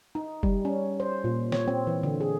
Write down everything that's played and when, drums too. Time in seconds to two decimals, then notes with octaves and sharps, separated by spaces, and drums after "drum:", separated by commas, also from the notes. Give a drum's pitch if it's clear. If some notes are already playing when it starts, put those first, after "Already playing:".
0.15 D#4
0.43 G3, drum: kick F#1
0.65 C#4
1.00 C5
1.24 A#2
1.52 C#5, drum: snare
1.68 C4
1.87 E3
2.03 D3
2.21 G#4